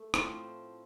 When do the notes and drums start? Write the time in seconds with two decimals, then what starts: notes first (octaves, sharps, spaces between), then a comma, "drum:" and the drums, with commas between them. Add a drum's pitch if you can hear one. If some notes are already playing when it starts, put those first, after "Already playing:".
Already playing: A3
0.14 A2 F3 C4, drum: rim click